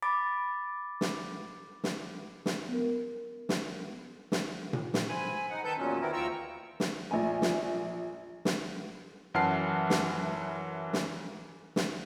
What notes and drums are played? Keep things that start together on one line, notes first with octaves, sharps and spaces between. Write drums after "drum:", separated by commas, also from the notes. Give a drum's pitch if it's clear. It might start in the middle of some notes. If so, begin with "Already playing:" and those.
B5 D6 A6
drum: snare
drum: snare
drum: snare
B3 A#4
drum: snare
drum: snare
drum: tom A#2
drum: snare
C4 G#5 B5
D#4 F#5
D#3 A4 B4 A5 G6
E2 A#2 F#3 C#4
D#3 B3 C4 E4 A#4
D2 F4 G5 A#5 C#6 E6
drum: snare
A#1 G#5
drum: snare
drum: snare
F#2 E3 F#5 A5 F6 C7
drum: snare
drum: snare
drum: snare